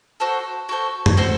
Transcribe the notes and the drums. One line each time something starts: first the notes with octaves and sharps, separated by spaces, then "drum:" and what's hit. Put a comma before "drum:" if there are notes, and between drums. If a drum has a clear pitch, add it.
F#4 A4 C5
F#4 A4 C5
drum: tom F#2
F#4 A4 C5